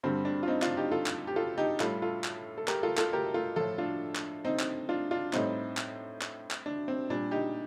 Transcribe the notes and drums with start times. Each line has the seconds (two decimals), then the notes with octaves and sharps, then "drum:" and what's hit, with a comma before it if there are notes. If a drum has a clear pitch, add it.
0.03 G2 D3 G3 C4
0.25 D4
0.43 F4
0.48 C4 D#4
0.62 D4 F4, drum: clap
0.77 D#4 G4
0.91 F4 A4
1.06 drum: clap
1.27 G4
1.36 F4 A4
1.58 D#4 G4
1.80 A2 G3 F4 A4, drum: clap
2.02 F4 A4
2.24 drum: clap
2.58 A4
2.68 G4 A#4, drum: clap
2.83 F4 A4
2.98 F4 A4, drum: clap
3.13 G4 A#4
3.34 F4 A4
3.56 A2 F3 F4 A4
3.78 D4 F4
4.15 drum: clap
4.45 C4 D#4
4.60 drum: clap
4.89 D4 F4
5.11 D4 F4
5.33 A2 G3 C4 D#4, drum: clap
5.77 drum: clap
6.21 drum: clap
6.51 drum: clap
6.66 D4
6.88 C4
7.10 A#2 G3 D4
7.31 D#4 G4